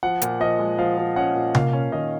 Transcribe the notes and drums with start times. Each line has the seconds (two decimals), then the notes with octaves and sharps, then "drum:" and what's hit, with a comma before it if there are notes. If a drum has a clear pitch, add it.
0.03 F3 F#5
0.22 A#2, drum: hi-hat
0.40 F3 D#5
0.59 G#3
0.79 F3 F5
0.98 F3
1.16 C#4 F#5
1.35 A#2
1.55 A#3 F5, drum: tom C3
1.73 C#4
1.92 D#3 D#5